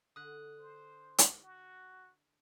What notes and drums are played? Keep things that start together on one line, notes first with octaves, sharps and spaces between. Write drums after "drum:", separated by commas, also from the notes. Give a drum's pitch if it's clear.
D3 D#6 F#6
C5
drum: hi-hat
F#4